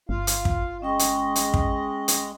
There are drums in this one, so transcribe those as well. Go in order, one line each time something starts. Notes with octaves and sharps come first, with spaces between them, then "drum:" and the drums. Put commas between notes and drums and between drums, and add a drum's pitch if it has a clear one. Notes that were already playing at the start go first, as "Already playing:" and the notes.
G1 F4 F5
drum: hi-hat
drum: kick
G#3 C#4 D#5 G5 C#6
drum: hi-hat
drum: hi-hat
drum: kick
drum: hi-hat